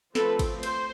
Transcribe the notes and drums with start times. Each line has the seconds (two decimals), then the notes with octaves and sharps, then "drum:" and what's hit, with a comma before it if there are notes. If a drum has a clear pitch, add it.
0.15 F3 A3 C4 A4 B4, drum: snare
0.39 drum: kick, cymbal
0.63 C5, drum: cymbal